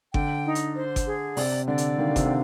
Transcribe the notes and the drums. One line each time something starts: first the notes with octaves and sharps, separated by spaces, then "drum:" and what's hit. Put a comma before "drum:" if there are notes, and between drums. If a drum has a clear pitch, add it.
D3 G5, drum: kick G1
D#4
drum: hi-hat
C5
drum: kick G1, hi-hat
G#4
C3 D5, drum: open hi-hat
D3 D5
drum: hi-hat
D#3 F5
D3
C3, drum: kick G1, hi-hat
D3